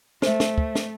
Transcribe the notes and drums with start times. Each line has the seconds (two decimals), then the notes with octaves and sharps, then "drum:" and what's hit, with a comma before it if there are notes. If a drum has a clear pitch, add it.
0.22 A3 C5 E5, drum: snare
0.40 drum: snare
0.58 drum: kick
0.75 drum: snare